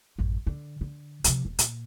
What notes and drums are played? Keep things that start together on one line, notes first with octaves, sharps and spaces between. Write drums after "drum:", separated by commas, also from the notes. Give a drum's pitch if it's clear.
A1 F#2
D3
D3
C3 F3, drum: hi-hat
E1
A#2, drum: hi-hat